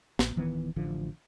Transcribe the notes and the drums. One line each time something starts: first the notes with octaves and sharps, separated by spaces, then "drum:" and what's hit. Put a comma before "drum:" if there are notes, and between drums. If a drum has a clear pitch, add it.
A1, drum: snare
D1 D#3 E3 B3
A1 D3 F3